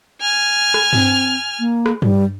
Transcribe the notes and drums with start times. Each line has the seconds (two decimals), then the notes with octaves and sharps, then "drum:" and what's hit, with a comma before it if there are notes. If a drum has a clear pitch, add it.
0.21 G#5 F6
0.74 drum: rim click
0.93 C4, drum: tom G2
1.60 A#3
1.86 drum: rim click
2.02 G3, drum: tom G2